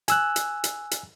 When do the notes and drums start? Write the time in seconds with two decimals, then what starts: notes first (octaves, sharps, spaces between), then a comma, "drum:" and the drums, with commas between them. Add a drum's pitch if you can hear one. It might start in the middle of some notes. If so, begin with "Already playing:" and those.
0.08 G#5 E6 F#6, drum: hi-hat
0.36 drum: hi-hat
0.64 drum: hi-hat
0.91 drum: hi-hat